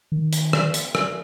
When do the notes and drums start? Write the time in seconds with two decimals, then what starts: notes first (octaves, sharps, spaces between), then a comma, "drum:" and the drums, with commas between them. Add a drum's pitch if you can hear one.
0.12 D#3
0.33 drum: hi-hat
0.53 drum: rim click
0.74 drum: hi-hat
0.95 drum: rim click